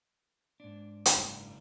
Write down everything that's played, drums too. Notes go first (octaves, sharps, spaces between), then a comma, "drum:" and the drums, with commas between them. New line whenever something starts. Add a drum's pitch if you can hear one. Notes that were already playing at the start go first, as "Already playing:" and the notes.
G#2 D4
drum: hi-hat
F#1